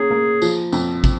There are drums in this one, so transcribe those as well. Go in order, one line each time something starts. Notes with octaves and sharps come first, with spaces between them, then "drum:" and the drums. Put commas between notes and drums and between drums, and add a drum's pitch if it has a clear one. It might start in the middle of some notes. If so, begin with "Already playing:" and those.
Already playing: A#3 C#4 G#4
A#3
F3, drum: tambourine
F2, drum: tambourine
drum: kick, tambourine